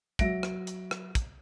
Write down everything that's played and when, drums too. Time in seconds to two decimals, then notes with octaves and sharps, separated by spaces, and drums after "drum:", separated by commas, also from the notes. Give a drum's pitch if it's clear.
0.19 F#3 E5 A#6 D7, drum: kick, hi-hat
0.43 drum: rim click
0.67 drum: hi-hat
0.91 drum: rim click
1.15 drum: kick, hi-hat